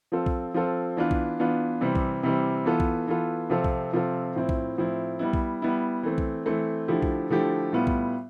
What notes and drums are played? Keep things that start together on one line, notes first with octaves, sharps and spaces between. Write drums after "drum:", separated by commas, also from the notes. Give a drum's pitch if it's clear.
F3 C4 F4 A4
drum: kick B1
F3 C4 F4 A4
E3 B3 D4 F4
drum: kick B1
E3 B3 D4 F4
C3 E3 G3 C4
drum: kick B1
C3 E3 G3 C4
E3 B3 F4 A4
drum: kick B1
E3 B3 F4 A4
C3 F3 C4 F4 A4
drum: kick B1
C3 F3 C4 F4 A4
A2 F3 C4 E4
drum: kick B1
A2 F3 C4 E4
G3 B3 E4
drum: kick B1
G3 B3 E4
E3 A3 C4
drum: kick B1
E3 A3 C4
D3 F3 A3 E4 G4
drum: kick B1
D3 F3 A3 E4 G4
A2 G3 B3 F4
drum: kick B1